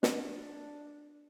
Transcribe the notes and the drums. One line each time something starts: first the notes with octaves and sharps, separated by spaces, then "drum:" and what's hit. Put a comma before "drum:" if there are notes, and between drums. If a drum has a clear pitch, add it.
D4, drum: snare